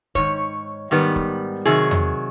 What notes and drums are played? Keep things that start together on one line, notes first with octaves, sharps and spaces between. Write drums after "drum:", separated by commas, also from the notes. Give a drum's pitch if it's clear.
G#2 D#3 C#5, drum: kick
G#2 D#3 G3 B3
drum: kick
C3 D#3 F#3 G#4
drum: tom E2